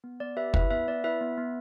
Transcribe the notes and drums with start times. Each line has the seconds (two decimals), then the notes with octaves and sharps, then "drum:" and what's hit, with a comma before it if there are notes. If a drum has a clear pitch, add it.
0.04 B3
0.20 B3 D5
0.37 G4 B4 E5
0.54 E4 B4 E5, drum: kick
0.70 B3 B4 E5
0.87 B3 D5
1.04 E4 B4 E5
1.21 B3
1.38 B3